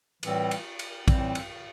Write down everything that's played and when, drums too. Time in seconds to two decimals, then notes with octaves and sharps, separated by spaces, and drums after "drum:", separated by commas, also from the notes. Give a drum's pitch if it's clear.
0.23 A2 E3 G3 C4, drum: cymbal
0.51 drum: cymbal
0.79 drum: cymbal
1.08 A2 E3 G3 C4, drum: kick, cymbal
1.35 drum: cymbal